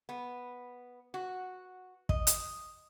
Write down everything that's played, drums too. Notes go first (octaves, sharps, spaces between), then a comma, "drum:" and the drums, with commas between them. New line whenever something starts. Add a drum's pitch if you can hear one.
B3
F#4
D#5, drum: kick
drum: hi-hat